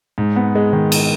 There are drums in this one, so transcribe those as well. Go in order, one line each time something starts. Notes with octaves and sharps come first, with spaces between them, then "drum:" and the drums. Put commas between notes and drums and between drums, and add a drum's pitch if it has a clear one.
G#2
B3
G#3
D#3
drum: cymbal